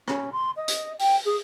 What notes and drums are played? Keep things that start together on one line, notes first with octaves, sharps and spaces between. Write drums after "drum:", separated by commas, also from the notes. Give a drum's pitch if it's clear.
C#4, drum: rim click
C6
D#5
drum: hi-hat
G5, drum: open hi-hat
G#4